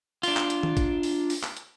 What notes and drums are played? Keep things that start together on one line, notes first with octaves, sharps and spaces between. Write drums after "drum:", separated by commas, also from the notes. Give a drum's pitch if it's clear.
D4 F4, drum: open hi-hat
drum: clap
drum: hi-hat
drum: tom D#3
drum: kick, hi-hat
drum: open hi-hat
drum: open hi-hat
drum: clap
drum: hi-hat